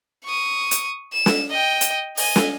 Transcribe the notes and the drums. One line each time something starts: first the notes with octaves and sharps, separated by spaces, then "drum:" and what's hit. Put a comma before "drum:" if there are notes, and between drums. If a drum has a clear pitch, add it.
C#6 D#6
drum: hi-hat
E7
drum: snare
D#5 G5
drum: hi-hat
D#5 G#5, drum: open hi-hat
drum: snare